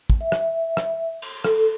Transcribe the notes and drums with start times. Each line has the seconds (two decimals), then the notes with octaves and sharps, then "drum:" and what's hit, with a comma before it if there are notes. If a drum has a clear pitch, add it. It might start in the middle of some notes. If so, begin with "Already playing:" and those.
0.10 drum: kick
0.21 E5
0.32 drum: rim click
0.77 drum: rim click
1.22 drum: cymbal
1.44 A4, drum: rim click